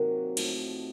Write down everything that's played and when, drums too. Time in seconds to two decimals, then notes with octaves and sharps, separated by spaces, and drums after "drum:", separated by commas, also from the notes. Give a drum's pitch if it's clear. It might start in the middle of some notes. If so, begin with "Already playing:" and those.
Already playing: C3 D#3 F#3 A#3
0.37 A2 F3 A3 D#4, drum: cymbal